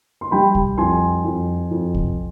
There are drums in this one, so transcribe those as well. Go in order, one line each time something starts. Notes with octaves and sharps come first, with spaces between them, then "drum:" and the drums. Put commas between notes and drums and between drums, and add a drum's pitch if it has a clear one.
C6
G3 G5 B5
drum: kick
F2 G#5 C6
F2
F2
drum: kick